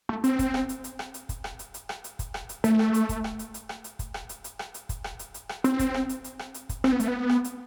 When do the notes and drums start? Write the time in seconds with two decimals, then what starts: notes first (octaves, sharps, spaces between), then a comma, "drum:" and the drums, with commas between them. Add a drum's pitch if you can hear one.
0.09 A3
0.24 C4, drum: hi-hat
0.39 drum: kick, hi-hat
0.54 drum: rim click
0.69 drum: hi-hat
0.84 drum: hi-hat
0.99 drum: rim click
1.14 drum: hi-hat
1.29 drum: kick, hi-hat
1.44 drum: rim click
1.59 drum: hi-hat
1.74 drum: hi-hat
1.89 drum: rim click
2.04 drum: hi-hat
2.19 drum: kick, hi-hat
2.34 drum: rim click
2.49 drum: hi-hat
2.64 A3, drum: hi-hat
2.79 drum: rim click
2.94 drum: hi-hat
3.09 drum: kick, hi-hat
3.24 drum: rim click
3.39 drum: hi-hat
3.54 drum: hi-hat
3.69 drum: rim click
3.84 drum: hi-hat
3.99 drum: kick, hi-hat
4.14 drum: rim click
4.29 drum: hi-hat
4.44 drum: hi-hat
4.59 drum: rim click
4.74 drum: hi-hat
4.89 drum: kick, hi-hat
5.04 drum: rim click
5.19 drum: hi-hat
5.34 drum: hi-hat
5.49 drum: rim click
5.64 C4, drum: hi-hat
5.79 drum: kick, hi-hat
5.94 drum: rim click
6.09 drum: hi-hat
6.24 drum: hi-hat
6.39 drum: rim click
6.54 drum: hi-hat
6.69 drum: kick, hi-hat
6.84 C4, drum: rim click
6.92 B3
7.00 A3, drum: hi-hat
7.08 B3
7.29 drum: rim click
7.44 drum: hi-hat